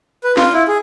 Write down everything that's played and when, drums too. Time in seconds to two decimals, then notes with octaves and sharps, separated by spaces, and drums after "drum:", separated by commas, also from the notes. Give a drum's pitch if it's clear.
0.24 B4
0.37 F4, drum: snare
0.53 E4
0.68 G#4